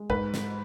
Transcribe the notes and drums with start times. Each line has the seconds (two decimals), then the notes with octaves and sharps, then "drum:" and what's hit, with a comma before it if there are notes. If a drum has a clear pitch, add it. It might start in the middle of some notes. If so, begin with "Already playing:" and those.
Already playing: G#3
0.10 G#2 B4, drum: kick A1
0.34 drum: snare